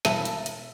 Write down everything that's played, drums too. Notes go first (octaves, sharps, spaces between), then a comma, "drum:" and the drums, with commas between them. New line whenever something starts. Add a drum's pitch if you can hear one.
E1 E5 A5, drum: snare
drum: hi-hat
drum: hi-hat